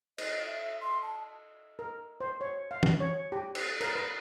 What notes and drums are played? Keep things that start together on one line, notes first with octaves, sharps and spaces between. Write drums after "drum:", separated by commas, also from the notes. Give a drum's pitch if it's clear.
D#5, drum: cymbal
E5
C6
A5
A#4
C5
C#5
F5
drum: tom
C#5
G4
drum: cymbal
A#4, drum: cymbal
B4